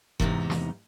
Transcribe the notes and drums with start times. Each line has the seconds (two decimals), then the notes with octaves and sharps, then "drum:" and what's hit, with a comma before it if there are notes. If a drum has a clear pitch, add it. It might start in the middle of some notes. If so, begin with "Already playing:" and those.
0.20 E2 G#2 C3 D#4, drum: kick F#1
0.50 drum: snare